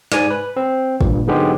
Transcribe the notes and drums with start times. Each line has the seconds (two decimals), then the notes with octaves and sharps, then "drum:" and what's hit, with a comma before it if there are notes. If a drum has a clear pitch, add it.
0.12 G#2 D5 G#5, drum: snare
0.30 B4
0.56 C4
1.01 G2 A#2, drum: kick
1.28 G#2 D3 F#3 G#3 B3 G4